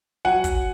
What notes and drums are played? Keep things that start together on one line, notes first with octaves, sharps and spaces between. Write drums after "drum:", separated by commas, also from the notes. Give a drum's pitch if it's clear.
F#3 F#5 G#5
drum: kick, hi-hat